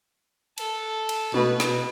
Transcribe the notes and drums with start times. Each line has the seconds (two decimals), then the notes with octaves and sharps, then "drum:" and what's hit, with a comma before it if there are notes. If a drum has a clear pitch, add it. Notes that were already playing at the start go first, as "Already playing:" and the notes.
0.58 A4, drum: cymbal
1.09 drum: cymbal
1.34 B2 B4, drum: tom
1.60 B2, drum: snare